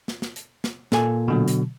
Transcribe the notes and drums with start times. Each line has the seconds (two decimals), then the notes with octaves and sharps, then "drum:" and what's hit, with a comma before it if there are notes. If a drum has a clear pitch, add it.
0.08 drum: snare
0.22 drum: snare
0.36 drum: hi-hat
0.64 drum: snare
0.92 A#2 A4 G#5, drum: snare
1.28 B2 D3 F#3
1.48 drum: hi-hat